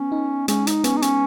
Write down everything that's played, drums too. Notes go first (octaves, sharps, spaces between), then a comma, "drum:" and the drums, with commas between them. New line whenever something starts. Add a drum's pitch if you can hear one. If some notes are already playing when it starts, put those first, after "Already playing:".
Already playing: B3 C#4
D#4
G#3 C#4, drum: hi-hat
D#4, drum: hi-hat
B3 C#4, drum: hi-hat
D#4
C#4, drum: hi-hat